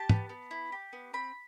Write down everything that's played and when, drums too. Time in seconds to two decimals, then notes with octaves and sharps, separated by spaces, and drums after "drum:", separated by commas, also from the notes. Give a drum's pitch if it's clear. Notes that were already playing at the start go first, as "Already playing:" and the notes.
Already playing: G4 A5
0.09 B3, drum: tom
0.29 B3
0.51 E4
0.72 G4
0.93 B3
1.13 C4 B5